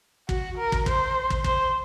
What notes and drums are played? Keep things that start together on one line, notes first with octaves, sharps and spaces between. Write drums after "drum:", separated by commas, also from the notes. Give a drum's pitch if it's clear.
F#4, drum: kick
A#4
drum: kick
C5, drum: kick
drum: kick
C5, drum: kick